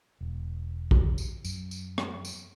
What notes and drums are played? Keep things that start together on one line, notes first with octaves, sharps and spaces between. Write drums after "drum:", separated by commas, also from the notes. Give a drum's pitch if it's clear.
E1
drum: kick A#1
drum: tambourine
F#2, drum: tambourine
drum: tambourine
drum: rim click
drum: tambourine